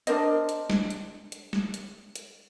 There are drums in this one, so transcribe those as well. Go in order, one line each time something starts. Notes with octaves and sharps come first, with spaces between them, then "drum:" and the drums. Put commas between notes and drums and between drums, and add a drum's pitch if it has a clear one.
D4 A#4 C5 D#5, drum: hi-hat
drum: hi-hat
drum: snare
drum: hi-hat
drum: hi-hat
drum: snare
drum: hi-hat
drum: hi-hat